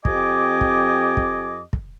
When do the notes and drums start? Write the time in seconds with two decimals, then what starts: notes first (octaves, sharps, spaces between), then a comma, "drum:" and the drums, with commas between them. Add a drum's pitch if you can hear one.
0.05 F2 C4 G4 D#5 G#5 D6, drum: kick
0.61 drum: kick
1.17 drum: kick
1.73 drum: kick